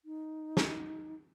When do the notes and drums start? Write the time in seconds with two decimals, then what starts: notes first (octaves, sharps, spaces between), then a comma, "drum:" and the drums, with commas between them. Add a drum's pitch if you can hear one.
0.05 D#4
0.57 drum: snare